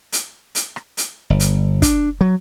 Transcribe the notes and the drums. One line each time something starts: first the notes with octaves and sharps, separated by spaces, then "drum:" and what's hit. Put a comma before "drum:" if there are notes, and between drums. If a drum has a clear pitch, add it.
drum: hi-hat
drum: hi-hat
drum: rim click
drum: hi-hat
G1
drum: hi-hat
D4, drum: kick, hi-hat
F#3